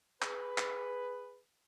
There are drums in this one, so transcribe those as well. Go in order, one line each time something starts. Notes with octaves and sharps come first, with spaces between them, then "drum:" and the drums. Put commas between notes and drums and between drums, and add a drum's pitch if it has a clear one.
G#4 B4, drum: clap
drum: clap